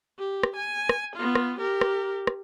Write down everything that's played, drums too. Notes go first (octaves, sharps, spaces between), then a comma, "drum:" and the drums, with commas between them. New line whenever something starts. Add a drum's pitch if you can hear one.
G4
drum: rim click
G#5
drum: rim click
B3 F4
drum: rim click
G4 A#4
drum: rim click
drum: rim click